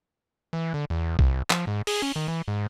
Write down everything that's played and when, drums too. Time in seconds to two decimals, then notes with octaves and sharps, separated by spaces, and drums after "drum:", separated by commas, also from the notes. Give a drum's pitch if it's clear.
0.53 E3
0.74 D3
0.90 E2
1.19 C2, drum: kick B1
1.50 F3, drum: clap
1.67 G#2
1.87 G#4, drum: open hi-hat
2.02 C#4
2.16 D#3
2.28 E3
2.48 G#2